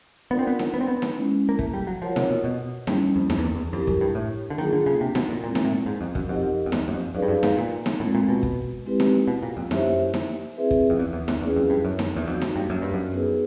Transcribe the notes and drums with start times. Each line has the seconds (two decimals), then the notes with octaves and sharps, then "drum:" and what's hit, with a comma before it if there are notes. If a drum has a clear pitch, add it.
0.31 B3 D4 F4 A#4 D5
0.39 C4
0.47 B3
0.59 drum: snare D#4
0.74 B3
0.81 C4
0.88 B3
1.02 drum: snare D#4
1.16 G#3 C#4 E4
1.49 A#3
1.59 A3, drum: kick
1.74 G3
1.87 F#3
2.02 F3 F4 A#4 C#5 F#5
2.16 C3, drum: snare D#4
2.30 B2
2.44 B2
2.87 G2 G3 A#3 C#4 E4, drum: snare D#4
3.16 F2
3.30 F2, drum: snare D#4
3.38 E2
3.56 E2
3.73 F2 E4 G4 A#4
3.87 F#2, drum: kick
4.01 G2
4.15 A2
4.50 D3
4.58 D#3 F#3 A#3 D4 F4 G#4
4.73 D3
4.86 C#3
5.01 C3
5.15 B2, drum: snare D#4
5.29 A#2
5.43 A#2 G#3 C4 E4
5.55 A#2, drum: snare D#4
5.65 A2
5.86 G#2
6.01 F2
6.15 F#2, drum: kick
6.29 F2 D#4 G4 A#4 D#5 F#5
6.66 F2
6.72 E2, drum: snare D#4
6.88 F#2
6.93 F2
7.14 F#2 D#4 G#4 B4 D5 F5
7.23 G2
7.28 F#2
7.43 G#2, drum: snare D#4
7.57 A#2
7.86 drum: snare D#4
8.00 A2 G#3 C4 F4
8.15 A#2
8.29 B2
8.43 drum: kick
8.86 G#3 C4 E4 G4 B4
9.00 drum: snare D#4
9.28 B2
9.43 A#2
9.57 F2
9.71 F#2 E4 G4 C5 E5, drum: snare D#4
10.14 drum: snare D#4
10.57 C4 E4 G#4 B4 E5
10.71 drum: kick
10.90 F2
10.99 E2
11.13 E2
11.28 E2, drum: snare D#4
11.41 E2 C#4 E4 G#4 B4
11.56 F2
11.70 G2
11.85 F#2
11.99 drum: snare D#4
12.16 E2
12.27 F2 A#3 D#4 F#4
12.42 drum: snare D#4
12.56 G2
12.70 F#2
12.82 G2
12.94 F#2
13.12 B3 D#4 G#4 B4